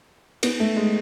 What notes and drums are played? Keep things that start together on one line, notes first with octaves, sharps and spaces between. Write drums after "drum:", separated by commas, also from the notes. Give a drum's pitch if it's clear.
B3, drum: cymbal
A3
G#3